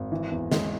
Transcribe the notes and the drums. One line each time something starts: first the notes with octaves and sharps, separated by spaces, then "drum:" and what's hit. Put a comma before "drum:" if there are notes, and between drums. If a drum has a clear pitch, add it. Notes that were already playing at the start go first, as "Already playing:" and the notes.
Already playing: G#1
E3
E2
G#3, drum: snare